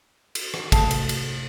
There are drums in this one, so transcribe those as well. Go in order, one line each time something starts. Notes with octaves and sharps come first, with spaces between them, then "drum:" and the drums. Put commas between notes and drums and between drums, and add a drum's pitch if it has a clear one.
drum: cymbal
drum: rim click
C3 A3 G#4 A4 F5 A5, drum: kick, cymbal
drum: cymbal
drum: cymbal